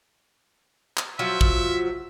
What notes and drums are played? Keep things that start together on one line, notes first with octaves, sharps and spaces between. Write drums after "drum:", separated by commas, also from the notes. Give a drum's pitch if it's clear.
drum: clap
F3 F#3 F4 E5
drum: kick